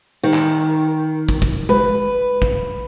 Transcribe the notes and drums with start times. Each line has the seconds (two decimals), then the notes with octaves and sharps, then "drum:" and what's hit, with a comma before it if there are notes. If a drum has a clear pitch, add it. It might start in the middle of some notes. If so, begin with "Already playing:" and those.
0.23 D#3
0.34 drum: clap
1.29 drum: kick
1.42 drum: kick
1.69 B4, drum: tom G#3
2.42 drum: kick